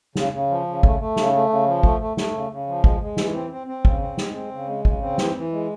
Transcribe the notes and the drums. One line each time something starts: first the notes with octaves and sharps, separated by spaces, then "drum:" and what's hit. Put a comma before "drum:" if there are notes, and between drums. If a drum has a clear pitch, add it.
C#3, drum: snare
C#3
F3
C#3
A3, drum: kick
A3
C#3, drum: snare
A3
C#3
F3
A3, drum: kick
A3
A3, drum: snare
C#3
C#3
F3
G#3, drum: kick
G#3
E3, drum: snare
C4
C4
C4
C#3, drum: kick
C4
G#3, drum: snare
C4
C#3
G#3
C#3, drum: kick
C4
E3, drum: snare
E3
G#3